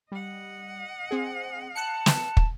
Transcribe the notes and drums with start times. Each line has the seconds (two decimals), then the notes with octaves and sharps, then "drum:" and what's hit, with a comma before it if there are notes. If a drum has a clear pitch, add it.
0.12 G3 D#5 F#5
1.11 C4 G#4
1.75 A5 F#6 C#7
2.06 drum: snare
2.37 drum: kick